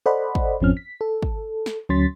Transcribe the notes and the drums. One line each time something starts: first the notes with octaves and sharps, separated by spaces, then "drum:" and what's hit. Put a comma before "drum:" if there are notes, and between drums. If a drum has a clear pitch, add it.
A4 C5 D5 D#5 F#5 B5
drum: kick
G#1 F2 F3 C4 C#4 F6
B6
A4
drum: kick
drum: snare
D2 F#3 C#4 C6 A6 B6